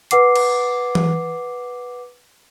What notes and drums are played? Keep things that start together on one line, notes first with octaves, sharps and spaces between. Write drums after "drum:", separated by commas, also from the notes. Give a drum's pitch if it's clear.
B4 F#5 D6 C7, drum: hi-hat
drum: cymbal
drum: tom E3